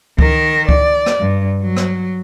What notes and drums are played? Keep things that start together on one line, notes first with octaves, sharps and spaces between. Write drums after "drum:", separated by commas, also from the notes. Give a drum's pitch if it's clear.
D#3 A#4, drum: kick C#2
D5, drum: kick C#2
drum: rim click
G2
F#3
drum: rim click